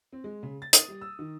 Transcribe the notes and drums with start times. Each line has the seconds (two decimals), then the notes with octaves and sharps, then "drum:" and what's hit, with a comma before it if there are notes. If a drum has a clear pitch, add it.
0.13 C4
0.24 G#3
0.43 C#3
0.62 A6
0.73 D#6, drum: hi-hat
0.88 G3
1.01 E6
1.19 D#3